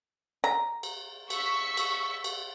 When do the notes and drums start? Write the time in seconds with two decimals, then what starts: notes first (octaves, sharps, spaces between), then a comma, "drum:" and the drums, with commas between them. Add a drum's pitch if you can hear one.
0.44 A#5
0.83 drum: cymbal
1.30 C#6 E6 B6, drum: cymbal
1.77 drum: cymbal
2.24 drum: cymbal